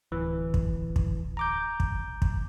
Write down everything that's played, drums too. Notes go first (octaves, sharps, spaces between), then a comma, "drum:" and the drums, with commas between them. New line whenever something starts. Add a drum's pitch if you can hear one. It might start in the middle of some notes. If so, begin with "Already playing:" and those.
D1 E3
drum: kick
drum: kick
A#5 D6 G6
drum: kick
drum: kick